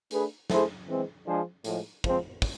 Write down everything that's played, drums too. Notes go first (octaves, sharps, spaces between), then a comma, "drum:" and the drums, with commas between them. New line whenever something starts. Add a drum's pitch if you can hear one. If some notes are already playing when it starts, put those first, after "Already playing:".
A3 D4 G#4 B4, drum: hi-hat
A3 E4 G#4 C5, drum: snare
E3 G#3 C4
F3 G#3 D4 G#4 C5
A2 F3 G#3, drum: hi-hat
F3 G#3 C4, drum: kick
drum: kick, open hi-hat